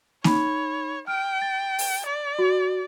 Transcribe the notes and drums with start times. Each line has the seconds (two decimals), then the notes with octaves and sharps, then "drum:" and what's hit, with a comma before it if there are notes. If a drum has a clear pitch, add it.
0.24 D#4 C#5 B5, drum: snare A#3
1.07 G5 F6 D7
1.42 A6
1.79 drum: open hi-hat
2.06 D5
2.39 F#4